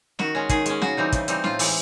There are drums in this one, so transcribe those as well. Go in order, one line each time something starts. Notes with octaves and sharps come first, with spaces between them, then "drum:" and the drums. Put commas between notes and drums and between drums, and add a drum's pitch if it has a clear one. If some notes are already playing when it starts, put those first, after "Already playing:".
D#3 F#4, drum: snare
G#3 C#4
D#3 G#4, drum: kick, hi-hat
G#3 C#4, drum: hi-hat
C#3 F#4, drum: snare
E3 G3 C4 D#4
C#3, drum: kick, hi-hat
E3 G3 C4 D#4, drum: hi-hat
A2 F4, drum: snare
E3 G#3, drum: open hi-hat